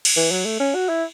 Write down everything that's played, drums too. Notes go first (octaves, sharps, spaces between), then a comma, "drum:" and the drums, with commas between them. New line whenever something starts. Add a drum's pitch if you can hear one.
drum: cymbal
E3
F#3
A3
C#4
F#4
E4